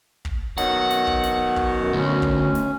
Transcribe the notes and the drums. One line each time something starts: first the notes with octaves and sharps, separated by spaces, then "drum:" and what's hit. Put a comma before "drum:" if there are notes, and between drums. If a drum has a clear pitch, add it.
drum: kick
B2 D#3 F#3 F#5, drum: snare
drum: snare
drum: kick
drum: snare
drum: kick
F#2
D2 C#4
drum: kick
drum: snare